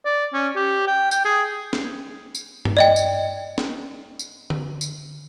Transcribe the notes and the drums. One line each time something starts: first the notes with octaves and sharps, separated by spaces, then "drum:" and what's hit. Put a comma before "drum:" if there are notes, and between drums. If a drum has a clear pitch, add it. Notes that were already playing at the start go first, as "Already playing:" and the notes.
D5
C#4
G4
G5
G5, drum: tambourine
G#4
drum: snare
drum: tambourine
drum: tom G2
D5 D#5 G5
drum: tambourine
drum: snare
drum: tambourine
drum: tom D3
drum: tambourine